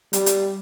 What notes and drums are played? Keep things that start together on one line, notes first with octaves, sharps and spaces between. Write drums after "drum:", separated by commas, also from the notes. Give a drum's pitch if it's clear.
G3, drum: hi-hat
drum: hi-hat